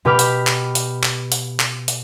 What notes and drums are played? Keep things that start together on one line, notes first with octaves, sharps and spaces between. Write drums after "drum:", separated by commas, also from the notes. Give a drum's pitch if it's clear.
B2 G4 B4 D6 F6
drum: hi-hat
drum: clap
drum: hi-hat
drum: clap
drum: hi-hat
drum: clap
drum: hi-hat